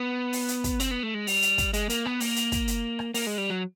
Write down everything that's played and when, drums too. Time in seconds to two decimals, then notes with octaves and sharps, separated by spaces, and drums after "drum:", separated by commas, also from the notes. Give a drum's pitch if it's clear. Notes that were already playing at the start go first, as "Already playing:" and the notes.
Already playing: B3
0.33 drum: open hi-hat
0.48 drum: hi-hat
0.64 drum: kick, hi-hat
0.80 C4, drum: hi-hat
0.91 B3
1.03 A3
1.14 G#3
1.27 G3, drum: open hi-hat
1.42 drum: hi-hat
1.58 drum: kick, hi-hat
1.73 G#3, drum: hi-hat
1.90 A#3, drum: hi-hat
2.06 B3, drum: rim click
2.20 A#3, drum: open hi-hat
2.36 drum: hi-hat
2.52 drum: kick, hi-hat
2.68 drum: hi-hat
2.99 drum: rim click
3.14 A#3, drum: open hi-hat
3.27 G#3
3.38 G3
3.50 F#3